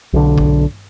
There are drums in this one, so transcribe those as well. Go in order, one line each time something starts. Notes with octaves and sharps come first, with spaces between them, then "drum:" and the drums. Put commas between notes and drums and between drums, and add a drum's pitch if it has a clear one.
B1 D3
drum: kick